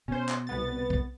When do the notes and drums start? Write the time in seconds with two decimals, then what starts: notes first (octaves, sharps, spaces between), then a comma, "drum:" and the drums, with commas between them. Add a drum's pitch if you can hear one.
0.08 B2 C#4 C5
0.29 drum: clap
0.47 C2 B3 A6
0.90 drum: kick B1